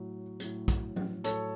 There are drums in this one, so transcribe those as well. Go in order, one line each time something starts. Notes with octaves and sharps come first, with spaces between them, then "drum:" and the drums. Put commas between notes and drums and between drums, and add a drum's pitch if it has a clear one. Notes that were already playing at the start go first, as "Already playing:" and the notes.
Already playing: A2 F#3
A2 F#3, drum: hi-hat
drum: kick, hi-hat
drum: tom F#3
A2 F#3 A4 C#5, drum: hi-hat